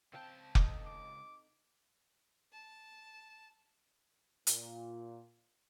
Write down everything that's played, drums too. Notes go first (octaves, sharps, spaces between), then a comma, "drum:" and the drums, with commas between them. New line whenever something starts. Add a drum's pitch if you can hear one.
C#2 C4 F5 G5 A5
D#4 A4, drum: kick F1
D6
A5
A#2, drum: hi-hat